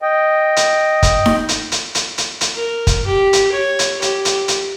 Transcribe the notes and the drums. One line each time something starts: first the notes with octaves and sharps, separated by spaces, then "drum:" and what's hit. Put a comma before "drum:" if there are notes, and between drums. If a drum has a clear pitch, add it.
D#5 G5
drum: hi-hat
drum: kick, hi-hat
drum: snare D#4
drum: hi-hat
drum: hi-hat
drum: hi-hat
drum: hi-hat
drum: hi-hat
A#4
drum: kick, hi-hat
G4
drum: hi-hat
C#5
drum: hi-hat
G4, drum: hi-hat
drum: hi-hat
drum: hi-hat